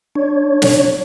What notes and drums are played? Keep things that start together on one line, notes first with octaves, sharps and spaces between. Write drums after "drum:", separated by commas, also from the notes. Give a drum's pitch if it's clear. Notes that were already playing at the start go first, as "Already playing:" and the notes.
D4 C#5
drum: snare